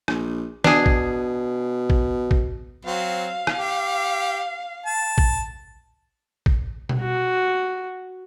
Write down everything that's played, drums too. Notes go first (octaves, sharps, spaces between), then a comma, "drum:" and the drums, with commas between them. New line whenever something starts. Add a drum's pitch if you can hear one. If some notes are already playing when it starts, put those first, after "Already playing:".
A#1, drum: rim click
B2 D4 G#4, drum: snare
drum: kick
drum: kick
drum: kick
F#3 C4 F5
drum: rim click
G4
A5
drum: kick
drum: kick
drum: tom B2
F#4